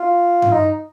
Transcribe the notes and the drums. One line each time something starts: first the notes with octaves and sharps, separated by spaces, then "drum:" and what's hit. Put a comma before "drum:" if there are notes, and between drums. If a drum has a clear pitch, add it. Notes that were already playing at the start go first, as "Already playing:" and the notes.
Already playing: F4
drum: tom G2
D#4